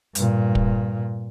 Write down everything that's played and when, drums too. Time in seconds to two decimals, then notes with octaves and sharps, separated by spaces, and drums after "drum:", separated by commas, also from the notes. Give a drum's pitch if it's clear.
0.15 G2 A#2, drum: hi-hat
0.55 drum: kick